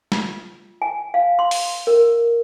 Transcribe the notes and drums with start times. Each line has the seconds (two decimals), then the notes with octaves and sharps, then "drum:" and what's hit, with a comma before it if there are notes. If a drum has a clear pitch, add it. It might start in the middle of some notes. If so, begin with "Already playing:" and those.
0.12 F4, drum: snare
0.82 G#5
1.14 F5
1.39 C6
1.51 drum: open hi-hat
1.87 A#4